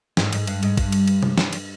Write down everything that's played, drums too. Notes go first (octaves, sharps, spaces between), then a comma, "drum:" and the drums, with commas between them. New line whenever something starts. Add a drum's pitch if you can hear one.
G#2, drum: snare
G#2, drum: cymbal
G2, drum: cymbal
G#2, drum: cymbal
G2, drum: kick, cymbal
drum: cymbal
drum: cymbal
drum: tom
drum: snare
drum: cymbal